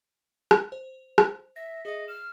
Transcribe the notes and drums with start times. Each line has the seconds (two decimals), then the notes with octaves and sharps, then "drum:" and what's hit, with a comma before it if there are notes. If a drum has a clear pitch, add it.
0.51 drum: rim click
0.72 C5
1.18 drum: rim click
1.56 E5 A#6
1.85 G#4 D#5 E5
2.08 F6 E7